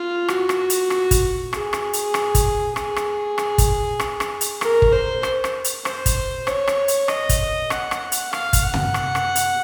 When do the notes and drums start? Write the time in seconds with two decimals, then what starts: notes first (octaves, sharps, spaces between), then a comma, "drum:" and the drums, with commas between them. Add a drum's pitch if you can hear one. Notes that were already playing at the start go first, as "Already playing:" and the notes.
Already playing: F4
0.28 F#4, drum: rim click
0.49 drum: rim click
0.70 drum: hi-hat
0.90 drum: rim click
1.11 drum: kick, hi-hat
1.53 G#4, drum: rim click
1.73 drum: rim click
1.93 drum: hi-hat
2.14 drum: rim click
2.35 drum: kick, hi-hat
2.76 G#4, drum: rim click
2.96 drum: rim click
3.38 drum: rim click
3.58 drum: kick, hi-hat
4.00 drum: rim click
4.20 drum: rim click
4.41 drum: hi-hat
4.61 A#4, drum: rim click
4.82 drum: kick
4.92 C5
5.23 drum: rim click
5.44 drum: rim click
5.64 drum: hi-hat
5.85 C5, drum: rim click
6.06 drum: kick, hi-hat
6.47 C#5, drum: rim click
6.67 drum: rim click
6.88 drum: hi-hat
7.08 D#5, drum: rim click
7.29 drum: kick, hi-hat
7.70 F#5, drum: rim click
7.91 drum: rim click
8.12 drum: hi-hat
8.33 F5, drum: rim click
8.53 drum: kick, hi-hat
8.63 F#5
8.74 drum: tom
8.94 drum: rim click
9.15 drum: rim click
9.35 drum: hi-hat